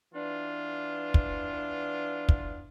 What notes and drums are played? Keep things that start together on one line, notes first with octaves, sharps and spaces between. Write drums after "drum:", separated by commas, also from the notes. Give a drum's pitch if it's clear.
E3 B3 D4 F4
drum: kick
drum: kick